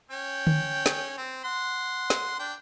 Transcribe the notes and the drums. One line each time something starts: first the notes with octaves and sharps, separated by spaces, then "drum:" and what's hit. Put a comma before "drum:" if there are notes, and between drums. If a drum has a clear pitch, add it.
C#4 G5
drum: tom D3
drum: snare
C4
F#5 C6
drum: snare
D4 G5